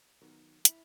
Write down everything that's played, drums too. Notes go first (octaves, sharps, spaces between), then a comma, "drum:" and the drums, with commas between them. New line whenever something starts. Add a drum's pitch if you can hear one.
D#3 F#3 B3
E4 F7, drum: hi-hat